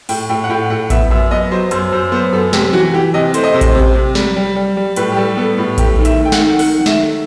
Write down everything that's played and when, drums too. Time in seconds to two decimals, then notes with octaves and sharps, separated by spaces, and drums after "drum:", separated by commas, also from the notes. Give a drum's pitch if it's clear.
0.09 A2 G5, drum: open hi-hat
0.29 A2 G5
0.44 F#5
0.49 A2 G5
0.70 A2 F#5
0.90 B3 E5, drum: kick A1, hi-hat
1.11 F#2 E5
1.31 B3 D#5
1.51 F#3 C5
1.71 F#2 C5, drum: hi-hat
1.92 F#2 C5
2.12 B3 C5
2.33 F#2 A4
2.53 C3 G4, drum: snare
2.73 E3 F#4
2.94 E3 G4
3.14 C3 D#5
3.34 A3 C5, drum: hi-hat
3.43 D#5
3.52 C3 C5
3.61 drum: kick A1, hi-hat
3.75 C3
3.95 C3
4.15 G3, drum: snare
4.36 G3
4.56 G3
4.77 G3
4.96 A2 B4, drum: hi-hat
5.12 G4
5.17 G3 A4
5.37 B3 A4
5.58 A2
5.78 A3 G4, drum: kick A1, hi-hat
5.98 D#3
6.05 E5, drum: hi-hat
6.19 A3
6.25 G5
6.32 F#5, drum: snare
6.39 D#3
6.59 D#3 F#5, drum: open hi-hat
6.80 D#3
6.86 E5, drum: snare
6.99 A3